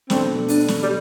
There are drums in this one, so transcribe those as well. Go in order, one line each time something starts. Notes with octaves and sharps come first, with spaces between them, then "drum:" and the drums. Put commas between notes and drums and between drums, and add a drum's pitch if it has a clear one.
B2 A3 C4 D4 A4, drum: snare
D4, drum: open hi-hat
drum: snare
G3